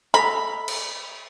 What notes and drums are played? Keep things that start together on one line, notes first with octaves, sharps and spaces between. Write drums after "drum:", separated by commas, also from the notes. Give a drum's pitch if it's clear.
A4 D#5 A#5 B5
drum: cymbal